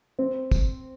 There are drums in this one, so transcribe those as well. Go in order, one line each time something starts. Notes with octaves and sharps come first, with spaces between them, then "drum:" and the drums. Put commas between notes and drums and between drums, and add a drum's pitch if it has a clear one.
C4
drum: kick, tambourine